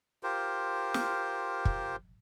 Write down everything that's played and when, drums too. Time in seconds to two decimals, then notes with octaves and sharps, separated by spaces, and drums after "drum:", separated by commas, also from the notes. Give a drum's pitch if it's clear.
0.23 F4 G4 A#4 C5
0.94 drum: snare
1.65 drum: kick